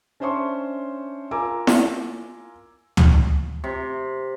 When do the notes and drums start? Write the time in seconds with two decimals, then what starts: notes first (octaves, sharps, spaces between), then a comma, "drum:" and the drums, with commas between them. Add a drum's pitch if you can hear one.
0.20 C#4 D4 C5 E5 C6 C#6
1.31 F4 A#4 G#5 A#5 D6 E6
1.67 drum: snare E4
2.97 drum: tom D2
3.64 C3